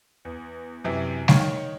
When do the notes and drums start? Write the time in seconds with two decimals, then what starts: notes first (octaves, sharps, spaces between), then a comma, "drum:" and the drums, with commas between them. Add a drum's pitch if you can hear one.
0.25 E2
0.84 F#2 C3 E3
1.28 D#3 C#5 C#6, drum: snare G3